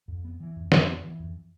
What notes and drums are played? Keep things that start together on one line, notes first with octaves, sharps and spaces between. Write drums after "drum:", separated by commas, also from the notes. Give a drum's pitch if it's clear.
F2
B3
E3
F2
F2, drum: snare
B3
E3
F2